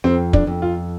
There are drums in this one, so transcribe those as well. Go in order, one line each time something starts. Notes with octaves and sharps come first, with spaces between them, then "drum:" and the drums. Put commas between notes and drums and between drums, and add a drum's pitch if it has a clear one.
F2 C4
D4, drum: kick
F2
F4